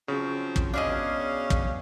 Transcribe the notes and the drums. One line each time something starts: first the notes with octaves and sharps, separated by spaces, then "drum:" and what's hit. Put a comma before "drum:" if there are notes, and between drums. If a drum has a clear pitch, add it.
C#3 F3 F#3 C4
drum: kick
B2 C#4 D4 G#4 D#5 F5
drum: kick